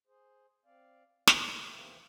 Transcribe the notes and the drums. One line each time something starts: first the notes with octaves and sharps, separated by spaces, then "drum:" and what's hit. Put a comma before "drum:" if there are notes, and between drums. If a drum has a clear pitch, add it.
G#4 C5
C4 D5 F5
F3 C4 C#4 E4, drum: snare
B2
D#2 C3 E3 A#3 E5 G5